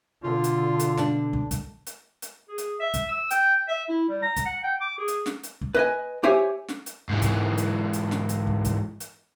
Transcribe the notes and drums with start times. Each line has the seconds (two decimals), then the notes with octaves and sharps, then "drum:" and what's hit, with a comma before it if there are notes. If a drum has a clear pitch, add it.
0.23 B2 D3 F4
0.44 drum: hi-hat
0.80 drum: hi-hat
0.97 D4, drum: snare
1.33 drum: kick
1.51 drum: kick, hi-hat
1.87 drum: hi-hat
2.22 drum: hi-hat
2.49 G#4
2.58 drum: hi-hat
2.80 E5
2.94 drum: kick, hi-hat
3.09 E6
3.31 G5, drum: hi-hat
3.68 E5
3.89 E4
4.09 G3
4.22 A#5
4.36 drum: kick, hi-hat
4.46 F#5
4.64 G5
4.81 D6
4.98 G#4
5.08 drum: hi-hat
5.26 drum: snare
5.44 drum: hi-hat
5.61 drum: kick
5.75 B4 D#5 G#5
6.24 G4 C5 C#5 E5 G#5
6.68 drum: snare
6.86 drum: hi-hat
7.09 G#2 E3
7.22 drum: kick, hi-hat
7.58 drum: hi-hat
7.93 drum: hi-hat
8.11 drum: snare
8.29 drum: hi-hat
8.47 drum: kick
8.65 drum: kick, hi-hat
9.00 drum: hi-hat